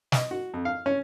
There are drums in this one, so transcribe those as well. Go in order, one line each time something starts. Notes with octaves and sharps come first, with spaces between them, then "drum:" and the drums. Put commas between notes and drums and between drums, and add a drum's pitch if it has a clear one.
D#5, drum: snare
F#4
F2
F5
C#4